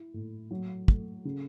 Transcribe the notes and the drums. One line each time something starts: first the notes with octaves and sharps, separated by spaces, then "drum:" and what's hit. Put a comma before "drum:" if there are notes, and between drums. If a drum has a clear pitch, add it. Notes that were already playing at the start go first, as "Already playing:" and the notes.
Already playing: E4
A2
F#3
A3, drum: kick
C#3